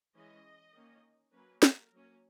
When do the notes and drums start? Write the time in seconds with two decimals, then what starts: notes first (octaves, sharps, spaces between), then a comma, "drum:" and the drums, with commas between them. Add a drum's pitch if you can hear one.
0.15 E3 G#3 C#4 D#5
0.74 D#3 A#3 C#4
1.33 F#3 A#3 C#4 B4
1.63 A#4, drum: snare
1.92 F#3 A#3 C#4